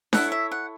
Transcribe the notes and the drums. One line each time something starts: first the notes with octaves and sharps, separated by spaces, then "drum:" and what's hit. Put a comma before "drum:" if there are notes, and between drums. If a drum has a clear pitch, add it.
E4 A4 C#5 F#5, drum: snare D4
E5
F#5